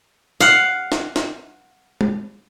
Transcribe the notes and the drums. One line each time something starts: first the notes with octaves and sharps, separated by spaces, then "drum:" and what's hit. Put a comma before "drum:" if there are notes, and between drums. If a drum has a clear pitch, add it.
F5 F#5, drum: snare
drum: snare
drum: snare
drum: tom G#3